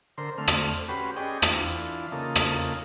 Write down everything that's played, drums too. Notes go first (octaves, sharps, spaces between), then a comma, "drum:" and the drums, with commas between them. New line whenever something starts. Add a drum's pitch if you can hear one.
D3 A#4 C5 C6
D3 A3 C4 F6
drum: rim click
C#4 F#4 G4 B4 B5 C6
C#4 G4 G#4 D5 D#5 G5
E3 D4 F4, drum: rim click
C#3 A#3 D#4 F4 A4
drum: rim click